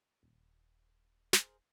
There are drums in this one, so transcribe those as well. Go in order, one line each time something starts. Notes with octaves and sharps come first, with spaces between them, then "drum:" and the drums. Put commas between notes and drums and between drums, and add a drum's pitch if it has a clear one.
D#1
G#4 A#4 C5, drum: snare